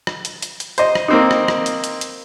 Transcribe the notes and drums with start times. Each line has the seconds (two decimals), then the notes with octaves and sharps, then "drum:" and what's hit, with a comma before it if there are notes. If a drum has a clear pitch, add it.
0.07 drum: rim click
0.25 drum: hi-hat
0.42 drum: hi-hat
0.60 drum: hi-hat
0.78 C5 D#5, drum: hi-hat
0.95 drum: rim click
1.08 A#3 C4 D#4
1.31 drum: rim click
1.48 drum: rim click
1.66 drum: hi-hat
1.84 drum: hi-hat
2.01 drum: hi-hat